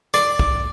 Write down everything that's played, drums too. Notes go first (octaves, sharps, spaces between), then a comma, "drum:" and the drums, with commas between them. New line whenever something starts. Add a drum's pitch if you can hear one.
D5, drum: rim click
drum: kick